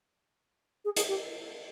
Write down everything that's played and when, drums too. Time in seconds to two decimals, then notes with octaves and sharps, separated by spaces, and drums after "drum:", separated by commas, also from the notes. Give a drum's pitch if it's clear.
0.85 G#4
0.96 G#4, drum: hi-hat
1.08 G4